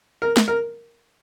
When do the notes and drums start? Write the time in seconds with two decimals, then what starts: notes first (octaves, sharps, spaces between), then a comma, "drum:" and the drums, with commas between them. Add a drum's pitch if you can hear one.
0.22 A#4
0.37 drum: snare
0.48 A#4